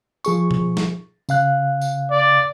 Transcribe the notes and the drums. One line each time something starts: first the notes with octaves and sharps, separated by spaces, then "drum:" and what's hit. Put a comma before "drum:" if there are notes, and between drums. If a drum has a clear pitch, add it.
F3 G#4 C#6, drum: tambourine
drum: tom B2
drum: snare
C#3 F5 F#6, drum: tambourine
drum: tambourine
D5